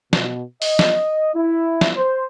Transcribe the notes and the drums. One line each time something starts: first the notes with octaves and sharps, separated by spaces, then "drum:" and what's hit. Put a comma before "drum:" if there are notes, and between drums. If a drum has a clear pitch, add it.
B2, drum: snare
D#5, drum: open hi-hat
drum: snare
E4
drum: snare
C5